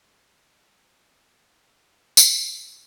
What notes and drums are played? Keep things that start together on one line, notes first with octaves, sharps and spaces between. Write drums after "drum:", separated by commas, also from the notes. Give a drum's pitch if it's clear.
F#2 A3
B3 E4
D4 D#4 D5
G2 C#5, drum: tambourine